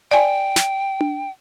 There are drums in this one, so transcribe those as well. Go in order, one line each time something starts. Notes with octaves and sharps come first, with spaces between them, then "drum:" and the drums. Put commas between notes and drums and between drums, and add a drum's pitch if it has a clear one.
D5 G5 G#5
drum: snare
drum: tom D4